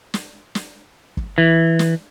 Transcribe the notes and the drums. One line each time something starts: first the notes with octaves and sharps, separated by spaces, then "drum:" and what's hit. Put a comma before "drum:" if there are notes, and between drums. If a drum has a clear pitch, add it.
drum: snare
drum: snare
drum: kick
E3
drum: snare